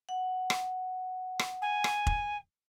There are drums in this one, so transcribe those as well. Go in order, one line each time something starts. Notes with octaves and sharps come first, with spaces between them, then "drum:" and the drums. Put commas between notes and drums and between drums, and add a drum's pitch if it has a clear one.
F#5
drum: rim click
drum: rim click
G#5
drum: rim click
drum: kick F1